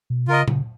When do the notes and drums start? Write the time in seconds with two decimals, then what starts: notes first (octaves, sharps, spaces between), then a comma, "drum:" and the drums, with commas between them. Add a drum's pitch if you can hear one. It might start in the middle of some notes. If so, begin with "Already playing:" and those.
0.10 B2
0.28 C#3 F4 A#4 D#5
0.48 C#3, drum: tom A#2